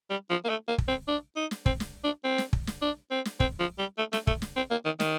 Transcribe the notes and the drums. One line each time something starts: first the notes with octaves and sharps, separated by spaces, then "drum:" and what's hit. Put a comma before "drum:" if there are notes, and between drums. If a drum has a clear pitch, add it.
G3
F3
A#3
A3
A#3
drum: kick
C4
D4
D#4
drum: snare
C4, drum: kick
drum: snare
D4
C4
drum: snare
drum: kick
drum: snare
D4
C4
drum: snare
C4, drum: kick
F3
G3
A3
A3, drum: snare
A3, drum: kick
drum: snare
C4
A#3
D#3
D#3, drum: snare